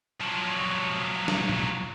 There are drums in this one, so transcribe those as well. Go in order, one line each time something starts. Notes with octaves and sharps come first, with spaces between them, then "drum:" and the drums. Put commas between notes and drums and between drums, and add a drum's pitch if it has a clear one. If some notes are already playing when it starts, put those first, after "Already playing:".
F3 F#3
drum: snare
drum: tom